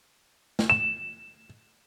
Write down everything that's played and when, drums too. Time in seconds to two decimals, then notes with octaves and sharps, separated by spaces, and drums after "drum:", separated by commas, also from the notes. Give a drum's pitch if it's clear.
0.59 drum: snare
0.70 E7